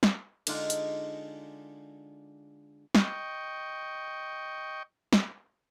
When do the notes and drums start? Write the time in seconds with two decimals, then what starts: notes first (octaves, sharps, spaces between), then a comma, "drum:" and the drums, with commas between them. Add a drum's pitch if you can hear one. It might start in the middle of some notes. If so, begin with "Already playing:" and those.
0.03 drum: snare
0.47 D3 G#3 D4 D#4 F4, drum: cymbal
0.70 drum: hi-hat
2.95 D#5 G5 C#6, drum: snare
5.13 drum: snare